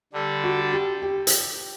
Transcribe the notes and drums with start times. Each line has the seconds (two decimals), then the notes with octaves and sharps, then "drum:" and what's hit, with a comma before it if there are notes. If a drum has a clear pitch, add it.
0.13 D3 G3 D4 A4
0.44 F#4
0.73 G4
1.02 G4
1.27 drum: hi-hat